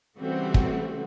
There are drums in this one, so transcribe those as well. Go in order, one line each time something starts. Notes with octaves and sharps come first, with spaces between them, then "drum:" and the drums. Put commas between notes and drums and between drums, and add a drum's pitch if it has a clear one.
C#3 E3 G3 A3 C4 F#4
drum: kick